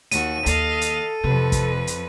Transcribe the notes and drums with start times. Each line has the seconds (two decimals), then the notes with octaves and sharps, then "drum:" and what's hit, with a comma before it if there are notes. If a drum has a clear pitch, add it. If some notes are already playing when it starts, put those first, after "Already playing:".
0.12 D#2 F#4 D#7, drum: hi-hat
0.46 D#2 A4 D#5 F5, drum: hi-hat
0.81 drum: hi-hat
1.24 F2 C3 B4
1.52 drum: kick, hi-hat
1.87 drum: hi-hat